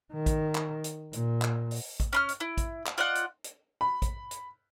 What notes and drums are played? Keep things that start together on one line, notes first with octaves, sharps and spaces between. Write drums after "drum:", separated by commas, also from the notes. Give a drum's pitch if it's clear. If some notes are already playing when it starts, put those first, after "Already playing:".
D#3
drum: kick A1, hi-hat
drum: clap
drum: hi-hat
A#2, drum: hi-hat
drum: clap
drum: open hi-hat
drum: kick A1, hi-hat
C#4 C6 F6
drum: hi-hat
E4
drum: kick A1, hi-hat
drum: clap
F4 D5 D#5 F#5
drum: hi-hat
drum: hi-hat
B5
drum: kick A1, hi-hat
drum: hi-hat